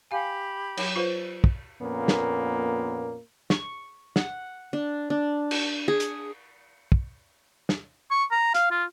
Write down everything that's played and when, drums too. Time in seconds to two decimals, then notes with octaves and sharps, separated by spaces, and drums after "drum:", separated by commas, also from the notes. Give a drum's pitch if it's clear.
0.11 G4 F5 G#5 B5
0.77 F#3, drum: cymbal
0.96 F4 B4 C5
1.44 drum: kick
1.80 F2 A#2 A#3 B3 C#4
2.08 drum: snare
3.50 C#6, drum: snare
4.16 F#5, drum: snare
4.73 D4
5.10 D4
5.51 drum: cymbal
5.88 G#4
6.00 drum: hi-hat
6.92 drum: kick
7.69 drum: snare
8.11 C#6
8.31 A#5
8.54 F5, drum: hi-hat
8.71 F4